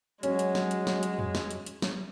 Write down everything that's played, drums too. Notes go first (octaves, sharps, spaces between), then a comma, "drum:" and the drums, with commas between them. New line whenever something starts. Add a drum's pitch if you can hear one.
F#3 G#3 C#4, drum: hi-hat
drum: hi-hat
drum: snare
drum: hi-hat
drum: snare
drum: hi-hat
drum: tom E2
drum: snare
drum: hi-hat
drum: hi-hat
drum: snare